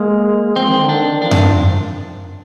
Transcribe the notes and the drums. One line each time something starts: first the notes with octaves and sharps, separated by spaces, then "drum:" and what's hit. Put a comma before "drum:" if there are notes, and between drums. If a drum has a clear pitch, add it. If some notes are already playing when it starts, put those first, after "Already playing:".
Already playing: G#3 A#3
F3 C4
D#3
D3
D#3 D4
F3 D4
D#3, drum: tom F#2
F3